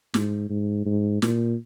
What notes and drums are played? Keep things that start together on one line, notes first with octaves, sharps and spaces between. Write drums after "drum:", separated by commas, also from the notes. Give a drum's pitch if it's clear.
G#2, drum: snare
G#2
G#2
A#2, drum: snare